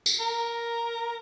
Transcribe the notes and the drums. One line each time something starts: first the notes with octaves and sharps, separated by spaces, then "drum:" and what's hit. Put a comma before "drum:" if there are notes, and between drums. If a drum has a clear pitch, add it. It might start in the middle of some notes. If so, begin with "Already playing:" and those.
drum: tambourine
A#4